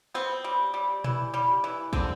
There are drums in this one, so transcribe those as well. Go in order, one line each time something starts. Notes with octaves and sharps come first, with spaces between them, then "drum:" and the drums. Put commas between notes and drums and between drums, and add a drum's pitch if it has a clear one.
B3 C4
G3
G3
E3, drum: tom A#2
G3
E3
D3 C4, drum: kick